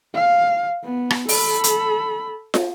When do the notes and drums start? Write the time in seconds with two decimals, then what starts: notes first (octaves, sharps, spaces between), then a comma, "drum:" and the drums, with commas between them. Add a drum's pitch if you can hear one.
0.15 F5
0.84 B3
1.10 drum: rim click
1.29 A4 B5, drum: open hi-hat
1.64 drum: hi-hat
2.54 drum: snare